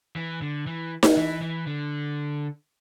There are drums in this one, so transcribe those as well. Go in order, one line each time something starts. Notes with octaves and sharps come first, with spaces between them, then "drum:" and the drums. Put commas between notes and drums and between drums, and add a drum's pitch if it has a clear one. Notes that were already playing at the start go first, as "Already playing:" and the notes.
E3
D3
E3
drum: snare D#4
E3
E3
D3